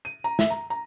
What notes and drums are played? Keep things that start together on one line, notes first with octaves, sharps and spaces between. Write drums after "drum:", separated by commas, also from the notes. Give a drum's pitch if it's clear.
D#7
A#5
E5, drum: snare
A#5
A#5